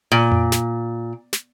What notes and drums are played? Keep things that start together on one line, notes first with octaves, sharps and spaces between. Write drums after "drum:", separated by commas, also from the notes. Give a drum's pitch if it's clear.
A#2
drum: tom F2
drum: snare
drum: snare